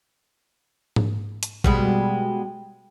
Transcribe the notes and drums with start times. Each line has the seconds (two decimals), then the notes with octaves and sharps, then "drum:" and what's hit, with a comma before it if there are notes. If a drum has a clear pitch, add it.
0.96 drum: tom G#2
1.43 drum: hi-hat
1.64 B2 G3 G#3, drum: kick